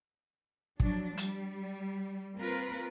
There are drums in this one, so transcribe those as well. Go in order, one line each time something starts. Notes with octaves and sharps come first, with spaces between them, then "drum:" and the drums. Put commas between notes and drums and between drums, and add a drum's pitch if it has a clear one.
F3 F#3 D4, drum: kick
G3, drum: hi-hat
A#3 C4 F4 A#4 B4